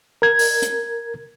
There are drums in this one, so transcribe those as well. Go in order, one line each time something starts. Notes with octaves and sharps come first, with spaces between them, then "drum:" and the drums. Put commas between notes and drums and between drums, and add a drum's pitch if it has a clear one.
A#4 G#6
drum: open hi-hat
drum: hi-hat